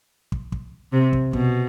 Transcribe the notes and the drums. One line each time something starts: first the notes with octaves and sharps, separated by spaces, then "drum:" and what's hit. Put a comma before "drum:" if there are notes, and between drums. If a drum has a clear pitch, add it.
drum: kick
drum: kick
C3
drum: kick
B2, drum: kick